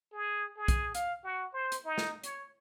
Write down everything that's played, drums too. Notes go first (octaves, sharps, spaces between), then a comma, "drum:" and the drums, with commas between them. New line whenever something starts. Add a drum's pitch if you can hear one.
G#4
G#4
drum: kick B1, hi-hat
F5, drum: hi-hat
F#4
C5
drum: hi-hat
D#4
drum: snare
C#5, drum: hi-hat